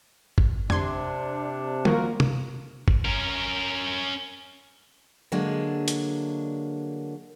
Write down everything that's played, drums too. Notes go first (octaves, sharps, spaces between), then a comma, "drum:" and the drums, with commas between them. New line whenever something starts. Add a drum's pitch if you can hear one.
drum: kick G#1
C3 D4 C6 G#6, drum: tom F2
D#3 F3 A#3 F4 F#4 A#4, drum: tom
drum: tom
drum: kick G#1
C#4 A#4
D3 F#3 G#3 A#3 D4
drum: hi-hat